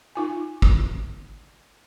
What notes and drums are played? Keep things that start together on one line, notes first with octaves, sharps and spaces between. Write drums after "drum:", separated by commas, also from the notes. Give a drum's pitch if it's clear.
D#4 F4 G#5
drum: kick